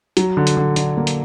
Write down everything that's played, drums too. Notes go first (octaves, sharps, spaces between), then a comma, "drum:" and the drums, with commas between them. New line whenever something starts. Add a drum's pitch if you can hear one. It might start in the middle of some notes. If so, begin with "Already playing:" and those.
F#3, drum: hi-hat
D3
drum: hi-hat
D3
D3, drum: hi-hat
A#3
drum: hi-hat